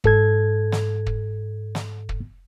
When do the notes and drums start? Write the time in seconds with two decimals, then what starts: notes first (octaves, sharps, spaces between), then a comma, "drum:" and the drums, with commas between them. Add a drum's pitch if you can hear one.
0.04 G#2 A4 G#6, drum: kick
0.72 drum: snare
1.06 drum: kick
1.75 drum: snare
2.09 drum: kick